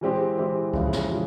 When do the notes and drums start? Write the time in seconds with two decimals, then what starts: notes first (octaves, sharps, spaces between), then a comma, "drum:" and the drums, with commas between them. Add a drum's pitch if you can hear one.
0.01 E3 G#3 C4 G4
0.38 E3 G#3 C4 G4
0.73 F2 C#3 E3 G#3 E4, drum: kick C#2
0.93 drum: snare
1.10 C#3 E3 G#3